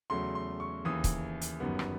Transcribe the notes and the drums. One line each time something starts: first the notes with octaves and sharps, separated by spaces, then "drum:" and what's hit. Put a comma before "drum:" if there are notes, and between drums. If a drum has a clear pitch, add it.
E2 C#3 F#3 A3 C6
C6
C#6
D#2 C#3 E3 D#6
drum: kick C#1, hi-hat
drum: hi-hat
G1 F#2 D#3 G3 B3
drum: rim click